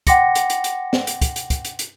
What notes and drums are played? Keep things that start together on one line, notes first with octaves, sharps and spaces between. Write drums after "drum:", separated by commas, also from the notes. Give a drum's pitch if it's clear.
F#5 G5 C6 D6 A#6 C#7, drum: kick, hi-hat
drum: hi-hat
drum: hi-hat
drum: hi-hat
drum: snare
drum: hi-hat
drum: kick, hi-hat
drum: hi-hat
drum: kick, hi-hat
drum: hi-hat
drum: hi-hat